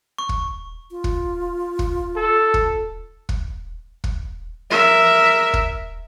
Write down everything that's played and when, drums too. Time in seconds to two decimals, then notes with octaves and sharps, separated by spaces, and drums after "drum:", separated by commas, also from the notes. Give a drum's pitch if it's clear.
0.18 C#6
0.29 drum: kick
0.91 F4
1.04 drum: kick
1.79 drum: kick
2.16 A4
2.54 drum: kick
3.29 drum: kick
4.04 drum: kick
4.71 A#4 E5
5.53 drum: kick